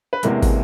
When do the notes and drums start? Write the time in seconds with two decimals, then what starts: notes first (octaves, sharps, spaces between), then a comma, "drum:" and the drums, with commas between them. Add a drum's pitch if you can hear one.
0.13 B4
0.23 E1 E2 C3 E3 G#3 A#3 A#4, drum: hi-hat
0.43 drum: kick, open hi-hat